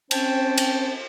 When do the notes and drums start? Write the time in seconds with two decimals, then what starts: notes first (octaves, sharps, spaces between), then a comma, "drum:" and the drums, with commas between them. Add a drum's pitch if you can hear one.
0.11 C4 C#4 C5 G5 A5, drum: cymbal
0.58 drum: cymbal